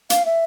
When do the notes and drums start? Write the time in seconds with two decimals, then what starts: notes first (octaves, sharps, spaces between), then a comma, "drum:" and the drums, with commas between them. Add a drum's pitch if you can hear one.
0.10 F5, drum: hi-hat
0.25 E5